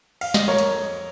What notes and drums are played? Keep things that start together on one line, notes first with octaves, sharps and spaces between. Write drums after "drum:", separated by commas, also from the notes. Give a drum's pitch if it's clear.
F5, drum: cymbal
D#5, drum: snare
F2 A#4 C#5
drum: hi-hat